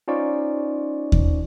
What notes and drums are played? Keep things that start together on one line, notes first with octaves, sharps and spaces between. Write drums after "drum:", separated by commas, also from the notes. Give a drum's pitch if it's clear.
C#4 D#4 F4 C5 D5 C#6
drum: kick D#2